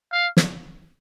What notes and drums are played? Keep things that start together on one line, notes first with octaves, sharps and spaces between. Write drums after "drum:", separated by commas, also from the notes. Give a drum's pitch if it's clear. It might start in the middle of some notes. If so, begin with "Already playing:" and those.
F5
drum: snare